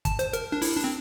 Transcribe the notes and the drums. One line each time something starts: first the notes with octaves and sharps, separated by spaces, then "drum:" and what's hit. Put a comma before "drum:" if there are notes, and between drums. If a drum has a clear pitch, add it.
A5, drum: kick, hi-hat
C5, drum: hi-hat
A#4, drum: hi-hat
D4
E4, drum: open hi-hat
D4
C4